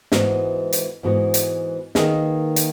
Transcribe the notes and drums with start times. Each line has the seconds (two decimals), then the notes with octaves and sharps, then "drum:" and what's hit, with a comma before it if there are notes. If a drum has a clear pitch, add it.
0.12 G#2 E3 B3 F#4, drum: snare
0.73 drum: hi-hat
1.03 G#2 E3 B3 F#4
1.34 drum: hi-hat
1.95 D#3 A#3 D#4 G#4 B4, drum: snare
2.56 drum: hi-hat